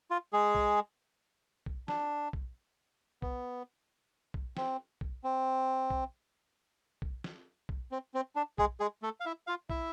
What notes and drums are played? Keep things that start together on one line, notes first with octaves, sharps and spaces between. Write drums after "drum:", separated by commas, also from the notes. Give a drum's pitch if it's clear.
F4
G#3 G#4
drum: kick B1
drum: kick B1
D4, drum: snare
drum: kick B1
B3, drum: kick B1
drum: kick B1
C4, drum: snare
drum: kick B1
C4
drum: kick B1
drum: kick B1
drum: snare
drum: kick B1
C4
C4
D4
G#3 G#4, drum: kick B1
G#3 G#4
A3 A4
F5
E4 E5
F4 F5
E4 E5, drum: kick B1